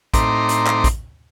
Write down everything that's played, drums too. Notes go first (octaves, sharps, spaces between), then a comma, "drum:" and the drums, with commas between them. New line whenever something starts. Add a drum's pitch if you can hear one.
A2 C4 D#4 A#5 C6 D6, drum: kick, hi-hat
drum: hi-hat
drum: clap
drum: kick, hi-hat